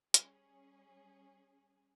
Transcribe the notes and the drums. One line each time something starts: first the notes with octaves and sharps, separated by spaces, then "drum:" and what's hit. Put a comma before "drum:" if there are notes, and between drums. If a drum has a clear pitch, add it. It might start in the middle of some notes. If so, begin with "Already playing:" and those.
G3 C#4 G#4, drum: hi-hat